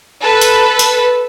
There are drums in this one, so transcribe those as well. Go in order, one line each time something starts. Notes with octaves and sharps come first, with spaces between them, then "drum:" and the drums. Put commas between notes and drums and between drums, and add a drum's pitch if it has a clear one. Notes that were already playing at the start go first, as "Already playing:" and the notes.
A4 B4
drum: hi-hat
drum: hi-hat